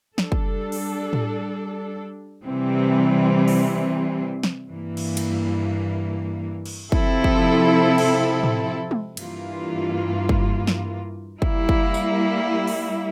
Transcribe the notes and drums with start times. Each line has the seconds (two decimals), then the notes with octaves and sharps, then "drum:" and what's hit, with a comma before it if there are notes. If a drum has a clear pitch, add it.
0.18 G3 D4 A4, drum: snare
0.32 drum: kick
0.72 drum: open hi-hat
1.13 drum: tom A2
2.43 C3 E3 G3 C4
3.48 drum: open hi-hat
4.43 drum: snare
4.68 G2 E3 A#3
4.97 drum: cymbal
5.17 drum: cymbal
6.66 drum: cymbal
6.92 C3 F3 C4 E4 A4, drum: kick
7.24 drum: kick
7.98 drum: cymbal
8.43 drum: tom A2
8.91 drum: tom G#3
9.17 G2 E3 A#3 F4, drum: cymbal
10.29 drum: kick
10.67 drum: snare
11.42 G3 A#3 E4, drum: kick
11.69 drum: kick
11.94 drum: tambourine
12.67 drum: open hi-hat